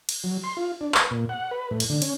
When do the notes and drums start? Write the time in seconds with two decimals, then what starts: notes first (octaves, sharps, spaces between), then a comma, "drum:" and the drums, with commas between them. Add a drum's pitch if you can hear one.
0.09 drum: cymbal
0.24 F#3
0.44 C6
0.57 F4
0.81 D4
0.94 B4, drum: clap
1.11 A#2
1.29 F#5
1.51 B4
1.71 A2
1.80 drum: cymbal
1.90 D3
2.02 C#4, drum: cymbal